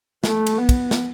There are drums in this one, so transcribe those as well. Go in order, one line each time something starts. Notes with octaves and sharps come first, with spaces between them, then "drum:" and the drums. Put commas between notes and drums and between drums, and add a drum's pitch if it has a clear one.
A3, drum: snare
drum: cymbal
B3
drum: kick, cymbal
drum: snare